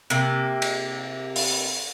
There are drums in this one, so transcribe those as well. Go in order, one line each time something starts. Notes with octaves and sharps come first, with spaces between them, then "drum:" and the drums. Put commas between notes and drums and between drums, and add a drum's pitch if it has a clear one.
C3 A#3
drum: cymbal
drum: open hi-hat